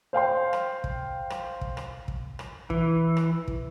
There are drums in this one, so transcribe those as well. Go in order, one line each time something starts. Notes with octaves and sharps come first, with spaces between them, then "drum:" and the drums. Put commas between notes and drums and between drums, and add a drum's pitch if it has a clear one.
C5 F5 G5 C6
drum: rim click
drum: kick
drum: rim click
drum: kick
drum: rim click
drum: kick
drum: rim click
E3, drum: kick
drum: rim click
drum: kick